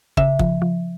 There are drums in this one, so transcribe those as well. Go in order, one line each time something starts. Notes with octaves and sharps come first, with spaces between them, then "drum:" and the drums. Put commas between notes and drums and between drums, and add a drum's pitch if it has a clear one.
C#3 E5, drum: kick
F3, drum: kick
F3